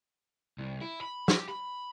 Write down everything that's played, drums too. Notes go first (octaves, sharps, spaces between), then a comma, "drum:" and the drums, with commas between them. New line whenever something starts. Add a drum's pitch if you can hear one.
C2
E4
B5
G4, drum: snare
B5